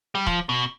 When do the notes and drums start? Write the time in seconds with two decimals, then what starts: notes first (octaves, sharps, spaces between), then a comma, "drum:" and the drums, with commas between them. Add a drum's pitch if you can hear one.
0.15 G3
0.27 F3, drum: kick
0.49 B2